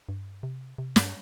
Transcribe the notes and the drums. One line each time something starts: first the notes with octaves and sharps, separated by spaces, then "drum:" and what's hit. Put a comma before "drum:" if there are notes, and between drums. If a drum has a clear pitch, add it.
G2
C3
C3
G2, drum: snare